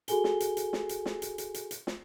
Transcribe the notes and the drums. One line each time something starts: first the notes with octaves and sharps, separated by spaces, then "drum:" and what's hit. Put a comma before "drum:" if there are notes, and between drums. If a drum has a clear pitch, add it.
F#4 G#4 A4 G#5 G7, drum: hi-hat
drum: snare
drum: hi-hat
drum: hi-hat
drum: snare
drum: hi-hat
drum: snare
drum: hi-hat
drum: hi-hat
drum: hi-hat
drum: hi-hat
drum: snare